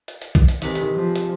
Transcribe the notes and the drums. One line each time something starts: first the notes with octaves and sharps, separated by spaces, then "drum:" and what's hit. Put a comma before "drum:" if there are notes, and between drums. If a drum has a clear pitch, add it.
drum: hi-hat
drum: hi-hat
drum: kick B1, hi-hat
drum: hi-hat
C3 D#3 G#3 B4, drum: hi-hat
drum: hi-hat
F3
drum: hi-hat